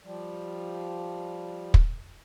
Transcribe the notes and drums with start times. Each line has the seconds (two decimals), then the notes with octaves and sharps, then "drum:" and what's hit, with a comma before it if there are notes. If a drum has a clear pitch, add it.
0.05 F3 G3
1.74 drum: kick